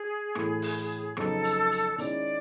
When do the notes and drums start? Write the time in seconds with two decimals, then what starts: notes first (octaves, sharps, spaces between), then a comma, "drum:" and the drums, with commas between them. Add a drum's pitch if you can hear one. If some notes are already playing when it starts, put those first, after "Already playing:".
Already playing: G#4
0.35 A2 E3 A3, drum: rim click
0.62 drum: open hi-hat
1.17 F2 C#3 F#3 B3 D#4 A4, drum: rim click
1.44 drum: hi-hat
1.71 drum: hi-hat
1.98 D#3 G#3 C#4 E4 D5, drum: hi-hat